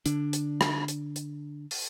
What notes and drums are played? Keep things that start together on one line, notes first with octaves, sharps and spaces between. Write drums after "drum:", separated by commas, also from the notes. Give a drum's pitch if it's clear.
D3 D4, drum: hi-hat
drum: hi-hat
drum: rim click
drum: hi-hat
drum: hi-hat
drum: open hi-hat